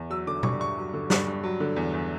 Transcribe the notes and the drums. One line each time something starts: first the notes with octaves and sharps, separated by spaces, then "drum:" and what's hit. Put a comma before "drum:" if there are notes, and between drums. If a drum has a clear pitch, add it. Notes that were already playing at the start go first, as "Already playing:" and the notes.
Already playing: E2
F#3 E6
D3 D6
G2 C#6, drum: tom B2
G2 C#6
F#3
D3
G2, drum: snare
G2
F#3
D3
E2
E2